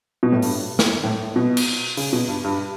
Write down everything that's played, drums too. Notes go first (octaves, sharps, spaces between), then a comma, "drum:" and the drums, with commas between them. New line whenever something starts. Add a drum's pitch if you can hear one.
B2
A2
G2, drum: open hi-hat
drum: snare
A2
B2
drum: cymbal
C#3, drum: open hi-hat
B2
G2
G2